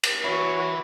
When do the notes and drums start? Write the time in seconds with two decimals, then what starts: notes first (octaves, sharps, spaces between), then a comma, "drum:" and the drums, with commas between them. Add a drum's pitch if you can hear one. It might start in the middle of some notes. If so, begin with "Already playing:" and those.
0.03 drum: cymbal
0.24 E3 E4 F#4 C#5